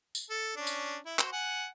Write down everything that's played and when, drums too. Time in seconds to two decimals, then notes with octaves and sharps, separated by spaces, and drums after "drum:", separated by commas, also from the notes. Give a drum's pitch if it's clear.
0.15 drum: tambourine
0.30 A4
0.57 C#4 D4
0.67 drum: tambourine
1.06 E4
1.19 F#4 C5, drum: clap
1.32 F#5 G#5